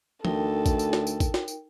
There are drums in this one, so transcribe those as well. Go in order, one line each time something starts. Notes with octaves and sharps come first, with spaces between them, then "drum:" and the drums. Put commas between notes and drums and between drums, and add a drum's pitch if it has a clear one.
D2 D#4 A4 A#4 G5, drum: tom
drum: kick A1, tambourine
drum: tambourine
drum: snare
drum: tambourine
drum: kick A1, tambourine
drum: snare
drum: tambourine